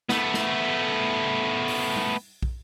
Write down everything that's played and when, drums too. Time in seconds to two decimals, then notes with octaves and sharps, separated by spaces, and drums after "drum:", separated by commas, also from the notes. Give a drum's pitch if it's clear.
0.09 A3 B3, drum: snare
0.34 drum: snare
1.68 drum: open hi-hat
1.96 drum: tom G3
2.43 drum: kick